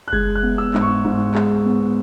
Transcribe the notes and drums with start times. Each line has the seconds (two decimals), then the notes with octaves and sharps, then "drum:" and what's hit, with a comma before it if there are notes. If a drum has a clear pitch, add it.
0.08 F#6
0.13 G#3 G#6, drum: kick F#1
0.35 F#6
0.43 B3
0.58 E6
0.74 G#2, drum: clap
0.81 C#6
1.04 G#2
1.35 G#3, drum: clap
1.66 B3